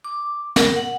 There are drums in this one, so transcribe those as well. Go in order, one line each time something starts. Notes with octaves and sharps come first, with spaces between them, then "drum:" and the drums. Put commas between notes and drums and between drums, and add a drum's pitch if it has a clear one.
D6
A#4, drum: snare
F#5